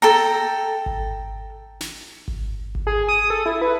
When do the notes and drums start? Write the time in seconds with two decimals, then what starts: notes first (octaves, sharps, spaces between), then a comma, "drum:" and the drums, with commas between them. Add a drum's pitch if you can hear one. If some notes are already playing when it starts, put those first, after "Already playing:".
0.02 A4 G5 A#5
0.86 drum: kick G#1
1.81 drum: snare
2.28 drum: kick G#1
2.75 drum: kick G#1
2.87 G#4
3.08 D#6
3.30 A4
3.46 E4
3.61 B4